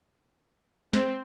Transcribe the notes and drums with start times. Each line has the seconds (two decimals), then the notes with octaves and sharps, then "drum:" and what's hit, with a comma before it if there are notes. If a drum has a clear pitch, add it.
0.93 C4, drum: snare